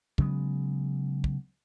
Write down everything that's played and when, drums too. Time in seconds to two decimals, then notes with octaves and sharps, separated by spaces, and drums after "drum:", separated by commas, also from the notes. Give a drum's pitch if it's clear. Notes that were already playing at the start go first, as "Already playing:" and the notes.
0.18 C#3 F#3 G#3 B3, drum: kick
1.24 drum: kick